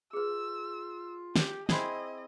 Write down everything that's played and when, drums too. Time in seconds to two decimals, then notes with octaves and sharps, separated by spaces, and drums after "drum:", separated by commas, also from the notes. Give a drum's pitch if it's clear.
0.13 F4 G#4 B4 E6
1.36 G4, drum: snare
1.69 C4 E4 G#4 D#5, drum: snare